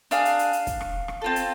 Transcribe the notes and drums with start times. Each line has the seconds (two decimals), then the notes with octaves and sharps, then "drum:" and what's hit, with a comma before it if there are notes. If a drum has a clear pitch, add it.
0.11 D4 G#4 F5, drum: hi-hat
0.25 drum: hi-hat
0.39 drum: hi-hat
0.53 drum: hi-hat
0.67 drum: kick, hi-hat
0.81 drum: rim click
1.08 drum: rim click
1.22 C4 F4 A4
1.36 drum: hi-hat